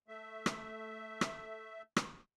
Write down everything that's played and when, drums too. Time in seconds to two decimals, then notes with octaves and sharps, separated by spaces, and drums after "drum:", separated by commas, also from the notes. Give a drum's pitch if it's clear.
0.08 A3 E5
0.46 drum: rim click
1.21 drum: rim click
1.96 drum: rim click